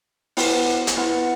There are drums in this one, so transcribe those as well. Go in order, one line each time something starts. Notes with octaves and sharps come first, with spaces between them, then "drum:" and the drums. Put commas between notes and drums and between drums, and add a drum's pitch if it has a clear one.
B3 E4 B4 F#5, drum: open hi-hat
drum: hi-hat
B3 E4 B4 F#5